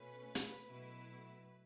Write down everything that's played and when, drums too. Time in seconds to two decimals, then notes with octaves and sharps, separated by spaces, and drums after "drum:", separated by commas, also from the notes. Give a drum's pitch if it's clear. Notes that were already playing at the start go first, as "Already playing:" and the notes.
Already playing: B2 A3 C#4 B4
0.35 drum: hi-hat
0.68 B2 F#3 A3 E4